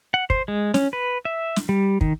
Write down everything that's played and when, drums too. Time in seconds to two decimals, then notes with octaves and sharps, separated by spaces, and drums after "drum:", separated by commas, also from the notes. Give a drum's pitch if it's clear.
0.14 F#5
0.30 C5, drum: kick
0.48 G#3
0.74 C#4, drum: snare
0.93 B4
1.25 E5
1.56 drum: snare
1.69 G3
2.01 D#3, drum: kick